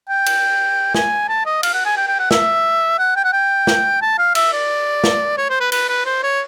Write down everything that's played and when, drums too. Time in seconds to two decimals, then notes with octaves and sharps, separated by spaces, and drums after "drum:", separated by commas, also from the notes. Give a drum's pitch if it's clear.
0.09 G5
0.26 drum: cymbal
0.94 G#5, drum: snare
1.29 A5
1.46 D#5
1.63 F5, drum: cymbal
1.74 F#5
1.86 G#5
1.97 G5
2.08 G5
2.19 F#5
2.31 E5, drum: snare
2.99 F#5
3.16 G5
3.24 F#5
3.33 G5
3.67 drum: snare
4.02 A5
4.19 F5
4.35 E5, drum: cymbal
4.53 D5
5.04 drum: snare
5.37 C#5
5.50 C5
5.60 B4
5.72 B4, drum: cymbal
5.89 B4
6.06 C5
6.23 C#5